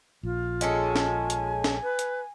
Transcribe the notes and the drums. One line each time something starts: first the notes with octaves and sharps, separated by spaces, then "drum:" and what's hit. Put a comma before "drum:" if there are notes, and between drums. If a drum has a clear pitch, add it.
A#1 F4
G#3 C#4 A4 G#5, drum: hi-hat
drum: snare
drum: hi-hat
drum: snare
B4
drum: hi-hat